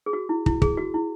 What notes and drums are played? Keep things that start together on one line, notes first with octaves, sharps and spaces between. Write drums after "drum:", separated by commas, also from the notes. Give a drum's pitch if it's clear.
G#4
F#4
E4
E4, drum: kick
G#4, drum: kick
F#4
E4